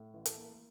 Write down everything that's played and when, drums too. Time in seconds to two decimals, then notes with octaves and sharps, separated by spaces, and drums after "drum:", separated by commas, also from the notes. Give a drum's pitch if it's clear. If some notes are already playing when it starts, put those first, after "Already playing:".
Already playing: A2
0.14 A1
0.25 A4, drum: hi-hat
0.38 A#3